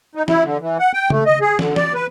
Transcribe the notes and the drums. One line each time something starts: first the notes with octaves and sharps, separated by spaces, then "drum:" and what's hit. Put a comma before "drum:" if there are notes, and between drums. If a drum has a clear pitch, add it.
D#4
E4, drum: snare
D3
E3
F#5
G5
A3, drum: tom
D#5
G#4
D3, drum: snare
D5, drum: snare
B4